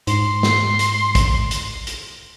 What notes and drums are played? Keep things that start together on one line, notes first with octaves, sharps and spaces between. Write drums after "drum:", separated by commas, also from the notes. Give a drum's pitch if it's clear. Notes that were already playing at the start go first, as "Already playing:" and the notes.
G#2 C6, drum: hi-hat
drum: snare
drum: hi-hat
drum: kick A1, hi-hat
drum: hi-hat
drum: hi-hat